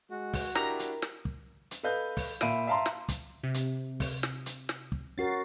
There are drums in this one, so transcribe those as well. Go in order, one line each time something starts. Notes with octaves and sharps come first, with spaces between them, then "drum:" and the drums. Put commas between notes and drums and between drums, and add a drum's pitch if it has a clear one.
G#3 F#4
drum: kick, open hi-hat
D4 E4 G4 A#4 A#5, drum: snare
drum: hi-hat
drum: snare
drum: kick
drum: hi-hat
A4 B4 D#5 F5 G6
drum: kick, open hi-hat
A#2 E5 F5 B5 D7 D#7, drum: snare
E5 F5 A5 A#5 C6
drum: snare
drum: kick, hi-hat
C3
drum: hi-hat
drum: kick, open hi-hat
drum: snare
drum: hi-hat
drum: snare
drum: kick
C#4 F#4 A#4 A6 C7